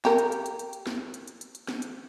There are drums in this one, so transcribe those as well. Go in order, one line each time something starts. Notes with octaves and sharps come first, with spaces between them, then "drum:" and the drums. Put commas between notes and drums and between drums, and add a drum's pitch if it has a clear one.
G4 A#4, drum: snare
drum: hi-hat
drum: hi-hat
drum: hi-hat
drum: hi-hat
drum: hi-hat
drum: snare
drum: hi-hat
drum: hi-hat
drum: hi-hat
drum: hi-hat
drum: snare
drum: hi-hat